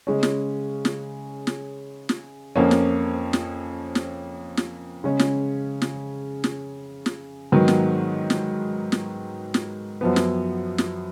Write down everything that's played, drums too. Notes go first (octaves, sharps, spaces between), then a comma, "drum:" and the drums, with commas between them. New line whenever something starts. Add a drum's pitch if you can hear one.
C#3 G#3 C#4
drum: snare
drum: snare
drum: snare
drum: snare
F2 F3 A#3 C#4
drum: snare
drum: snare
drum: snare
drum: snare
C#3 G#3 C#4
drum: snare
drum: snare
drum: snare
drum: snare
G#2 D#3 F#3 B3
drum: snare
drum: snare
drum: snare
drum: snare
F#2 F3 B3
drum: snare
drum: snare